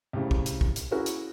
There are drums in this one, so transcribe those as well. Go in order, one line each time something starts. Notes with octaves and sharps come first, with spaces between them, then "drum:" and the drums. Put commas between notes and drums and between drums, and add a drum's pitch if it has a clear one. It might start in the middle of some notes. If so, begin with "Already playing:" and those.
C2 A2 C#3
drum: kick
drum: hi-hat
drum: kick
drum: hi-hat
C#4 E4 F#4 G#4 A#4
drum: hi-hat